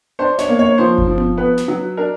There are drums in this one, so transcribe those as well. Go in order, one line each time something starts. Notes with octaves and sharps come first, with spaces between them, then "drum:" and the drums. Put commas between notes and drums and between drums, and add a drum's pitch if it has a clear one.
D4 C5
C#5, drum: snare
A#3
C#5
F3 C5
drum: kick G1
F3
drum: tom B3
B3 B4
drum: snare
F#3
D4 A#4